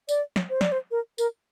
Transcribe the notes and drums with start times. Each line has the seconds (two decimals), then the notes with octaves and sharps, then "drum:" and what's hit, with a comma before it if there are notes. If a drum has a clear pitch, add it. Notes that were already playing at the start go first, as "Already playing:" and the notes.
0.09 D5, drum: tambourine
0.36 drum: snare
0.50 C5
0.61 D5, drum: snare
0.72 C5
0.91 A#4
1.18 A#4, drum: tambourine